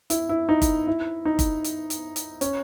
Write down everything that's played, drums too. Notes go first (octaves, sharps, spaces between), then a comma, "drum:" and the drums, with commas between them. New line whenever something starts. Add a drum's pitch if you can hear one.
E4, drum: hi-hat
E4
D#4
drum: kick, hi-hat
E4
D#4
drum: kick, hi-hat
drum: hi-hat
drum: hi-hat
drum: hi-hat
C#4, drum: hi-hat